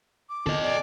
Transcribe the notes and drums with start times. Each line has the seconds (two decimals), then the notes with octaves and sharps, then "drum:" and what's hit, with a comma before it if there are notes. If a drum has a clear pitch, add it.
0.29 D6
0.47 A4 D#5, drum: tom D3
0.62 D5